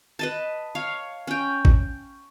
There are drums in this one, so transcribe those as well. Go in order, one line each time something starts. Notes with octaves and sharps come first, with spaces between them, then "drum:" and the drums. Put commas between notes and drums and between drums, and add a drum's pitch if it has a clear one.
B4 D#5 A5
C#5 F5
C#4 G5
drum: kick A1